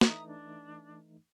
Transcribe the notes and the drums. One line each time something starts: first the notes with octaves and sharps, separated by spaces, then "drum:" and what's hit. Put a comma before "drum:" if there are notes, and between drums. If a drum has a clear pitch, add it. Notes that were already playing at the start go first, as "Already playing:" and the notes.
E3 A3 D#4 E5 A#5 D#6, drum: snare
D4